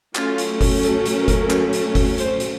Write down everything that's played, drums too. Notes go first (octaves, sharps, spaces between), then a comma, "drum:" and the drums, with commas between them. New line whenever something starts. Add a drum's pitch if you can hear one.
F#3 A3 C#4 F4, drum: clap
drum: hi-hat
drum: kick F#1, open hi-hat
A4, drum: hi-hat
drum: hi-hat
A#4
drum: kick F#1, hi-hat
drum: clap
drum: hi-hat
drum: kick F#1, open hi-hat
C5, drum: hi-hat
drum: hi-hat